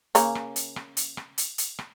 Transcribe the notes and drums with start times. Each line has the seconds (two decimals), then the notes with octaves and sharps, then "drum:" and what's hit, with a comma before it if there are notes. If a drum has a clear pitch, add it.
0.15 C#3 A#3 C#4, drum: hi-hat
0.35 drum: rim click
0.56 drum: hi-hat
0.76 drum: rim click
0.97 drum: hi-hat
1.17 drum: rim click
1.38 drum: hi-hat
1.58 drum: hi-hat
1.79 drum: rim click